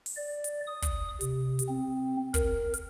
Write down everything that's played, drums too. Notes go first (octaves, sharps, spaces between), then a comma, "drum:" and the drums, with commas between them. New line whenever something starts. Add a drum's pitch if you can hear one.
drum: open hi-hat
D5
drum: hi-hat
D#6
drum: kick, hi-hat
C3, drum: hi-hat
drum: hi-hat
C4
A#4, drum: kick, hi-hat
drum: hi-hat